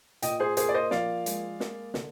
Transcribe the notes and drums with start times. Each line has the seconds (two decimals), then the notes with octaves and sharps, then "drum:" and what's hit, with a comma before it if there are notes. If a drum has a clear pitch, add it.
0.22 A#2 D#5 G5, drum: hi-hat
0.40 G#4 C5
0.57 A#3 G#4 C5, drum: hi-hat
0.69 D5
0.74 C5 D#5
0.91 F3 D5 F5, drum: snare
1.26 G#3, drum: hi-hat
1.60 A#3, drum: snare
1.94 D3, drum: snare